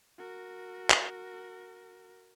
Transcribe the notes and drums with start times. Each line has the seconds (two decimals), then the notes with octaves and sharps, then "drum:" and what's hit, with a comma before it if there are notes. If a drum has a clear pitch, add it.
0.18 F#4 A#4
0.90 drum: clap